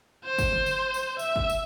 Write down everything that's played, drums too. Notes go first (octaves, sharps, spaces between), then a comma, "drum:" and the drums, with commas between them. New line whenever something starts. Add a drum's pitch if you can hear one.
C5
drum: kick, tambourine
drum: tom D3
drum: tambourine
drum: tambourine
E5, drum: tambourine
drum: kick
drum: tambourine